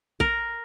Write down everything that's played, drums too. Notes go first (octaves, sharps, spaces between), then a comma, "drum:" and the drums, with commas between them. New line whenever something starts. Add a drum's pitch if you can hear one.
A#4, drum: kick